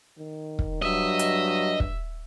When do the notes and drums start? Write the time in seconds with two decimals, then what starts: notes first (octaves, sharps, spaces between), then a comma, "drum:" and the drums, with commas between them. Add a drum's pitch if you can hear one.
0.18 D#3
0.59 drum: kick
0.82 G2 F#3 D#5 E5
1.19 drum: hi-hat
1.80 drum: kick